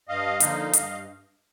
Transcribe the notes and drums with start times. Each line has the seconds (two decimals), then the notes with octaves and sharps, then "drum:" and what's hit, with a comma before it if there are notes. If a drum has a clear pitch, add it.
0.08 G2 D#5 F5
0.40 D3 F3 A#3 D#4, drum: hi-hat
0.73 G2, drum: hi-hat